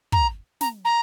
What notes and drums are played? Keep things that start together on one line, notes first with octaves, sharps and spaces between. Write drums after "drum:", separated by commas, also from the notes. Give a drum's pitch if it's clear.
A#5, drum: kick
A#5, drum: snare
A#5